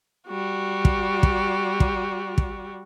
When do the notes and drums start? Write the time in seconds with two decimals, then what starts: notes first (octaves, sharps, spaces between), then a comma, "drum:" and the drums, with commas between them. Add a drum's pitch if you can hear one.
0.27 G3 F#4
0.85 drum: kick
1.23 drum: kick
1.80 drum: kick
2.38 drum: kick